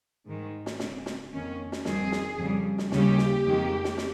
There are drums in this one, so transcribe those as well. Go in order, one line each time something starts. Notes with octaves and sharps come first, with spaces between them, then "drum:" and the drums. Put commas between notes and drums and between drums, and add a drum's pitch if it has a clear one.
G#2 D#3 G#3
drum: snare
C#3 G#3 C4, drum: snare
drum: snare
F2 D#3 A#3 C#4
drum: snare
F2 D#3 G3 C4 G#4, drum: snare
drum: snare
F2 C#3 G3
drum: snare
D#2 C#3 G3 C#4 G4, drum: snare
drum: snare
F2 D#3 G#3
drum: snare
drum: snare